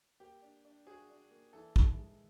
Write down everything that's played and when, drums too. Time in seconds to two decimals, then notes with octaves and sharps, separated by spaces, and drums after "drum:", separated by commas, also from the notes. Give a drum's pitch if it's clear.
0.20 A#3 G4
0.42 D4
0.65 D4
0.87 F#4 G#4
1.10 D4
1.31 A#3
1.53 E3 A4
1.76 E3, drum: kick
1.98 G#3